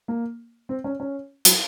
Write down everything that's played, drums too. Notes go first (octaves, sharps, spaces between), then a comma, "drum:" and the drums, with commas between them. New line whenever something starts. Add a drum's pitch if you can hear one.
A#3
C4
C#4
C#4
F#3, drum: hi-hat